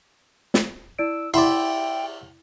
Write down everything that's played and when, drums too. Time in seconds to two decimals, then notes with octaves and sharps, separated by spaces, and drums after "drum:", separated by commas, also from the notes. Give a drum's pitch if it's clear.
0.54 drum: snare
0.99 E4 D5 E6 D7
1.34 E4 D5 E5 F#5 G5 B5 C6, drum: cymbal